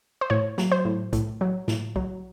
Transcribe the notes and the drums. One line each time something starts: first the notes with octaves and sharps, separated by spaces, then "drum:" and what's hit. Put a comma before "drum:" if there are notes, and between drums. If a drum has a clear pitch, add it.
C5
A2 C#5
F#3, drum: snare
C5
A2
A2, drum: kick B1, hi-hat
F#3
A2, drum: snare
F#3, drum: kick B1